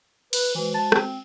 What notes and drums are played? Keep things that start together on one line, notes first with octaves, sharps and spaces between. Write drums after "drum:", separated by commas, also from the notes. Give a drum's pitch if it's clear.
B4, drum: cymbal
E3 G#3 F#4 C5
A5
C4, drum: rim click